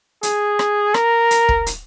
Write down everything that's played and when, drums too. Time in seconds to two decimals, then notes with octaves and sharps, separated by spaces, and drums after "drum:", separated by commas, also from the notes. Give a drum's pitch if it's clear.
0.23 G#4, drum: hi-hat
0.59 drum: rim click
0.94 A#4, drum: rim click
1.31 drum: hi-hat
1.49 drum: kick
1.66 drum: hi-hat